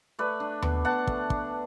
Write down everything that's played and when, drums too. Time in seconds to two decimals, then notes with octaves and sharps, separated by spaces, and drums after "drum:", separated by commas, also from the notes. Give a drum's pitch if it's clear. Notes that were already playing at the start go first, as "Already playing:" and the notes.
0.19 A3 B4 D5
0.40 D4
0.62 B2, drum: tom D#2
0.85 B2 F#5 A5
1.07 A3, drum: kick
1.30 D4, drum: kick